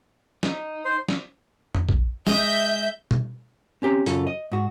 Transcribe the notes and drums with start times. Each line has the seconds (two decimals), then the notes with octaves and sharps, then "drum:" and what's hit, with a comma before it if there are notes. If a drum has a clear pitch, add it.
0.43 D#4, drum: snare
0.85 C5
1.08 drum: snare
1.75 drum: tom F2
1.89 drum: kick A#1
2.27 G#3 D#5 E5 G6, drum: snare
3.11 drum: tom
3.82 C4 C#4 G4 A#5
4.06 F#2 C#3 F4 A4, drum: hi-hat
4.27 D#5
4.52 G#2 F#4